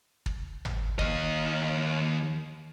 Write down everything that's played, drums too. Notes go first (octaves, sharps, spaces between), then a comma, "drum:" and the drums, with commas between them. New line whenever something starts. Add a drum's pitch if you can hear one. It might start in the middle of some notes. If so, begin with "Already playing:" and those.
drum: kick
drum: tom G#1
D#2 D#5, drum: kick